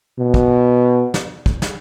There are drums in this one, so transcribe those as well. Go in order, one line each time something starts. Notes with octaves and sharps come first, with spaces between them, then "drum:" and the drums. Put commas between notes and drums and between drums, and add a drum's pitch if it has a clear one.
B2
drum: kick
drum: snare
drum: kick
drum: snare